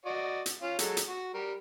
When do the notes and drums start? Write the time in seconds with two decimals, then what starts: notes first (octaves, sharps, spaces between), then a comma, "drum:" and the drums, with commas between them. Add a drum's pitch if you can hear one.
0.06 F#4 D5 D#5
0.46 drum: hi-hat
0.63 C#4 F4
0.79 F#3 G#3 A4, drum: hi-hat
0.97 drum: hi-hat
1.09 F#4
1.34 G3 A#4